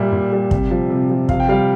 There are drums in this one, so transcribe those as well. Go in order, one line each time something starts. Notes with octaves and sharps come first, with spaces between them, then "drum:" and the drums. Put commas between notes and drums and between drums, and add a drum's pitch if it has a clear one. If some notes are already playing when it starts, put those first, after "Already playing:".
Already playing: A#2 G3 E5
A#2
G3
C3, drum: kick
F3
C3
F3
C3 F5, drum: kick
G5
G3 F5